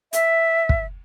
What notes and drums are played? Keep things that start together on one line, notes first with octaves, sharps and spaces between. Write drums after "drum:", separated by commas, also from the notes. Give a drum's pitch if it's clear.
E5, drum: hi-hat
drum: kick